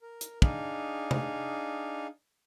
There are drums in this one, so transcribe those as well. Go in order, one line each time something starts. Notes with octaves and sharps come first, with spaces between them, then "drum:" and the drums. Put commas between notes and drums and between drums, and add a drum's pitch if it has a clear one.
A#4
drum: hi-hat
D4 D#4 G#4 F5, drum: kick
drum: tom